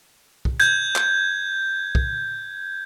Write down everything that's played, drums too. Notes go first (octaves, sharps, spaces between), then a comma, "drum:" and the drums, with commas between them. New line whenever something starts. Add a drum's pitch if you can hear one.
drum: kick
G6 G#6, drum: hi-hat
drum: clap
drum: kick